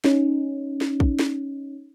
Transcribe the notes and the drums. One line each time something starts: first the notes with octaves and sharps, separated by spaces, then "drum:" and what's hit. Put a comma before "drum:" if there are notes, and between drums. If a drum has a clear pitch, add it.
C#4 D#4, drum: snare
drum: snare
drum: kick
drum: snare